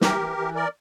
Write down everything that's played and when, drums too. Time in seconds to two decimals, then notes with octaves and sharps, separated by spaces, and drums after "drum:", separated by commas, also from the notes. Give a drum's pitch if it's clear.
0.01 E3 G4 A#4, drum: snare
0.19 E3
0.37 E3
0.55 A#4 D5